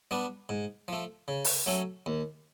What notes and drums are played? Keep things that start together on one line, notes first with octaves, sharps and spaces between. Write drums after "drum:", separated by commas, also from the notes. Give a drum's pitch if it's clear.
G3 B3 D4
G#2
F3 A3
C#3
drum: open hi-hat
F#3 A3 C#4
D#2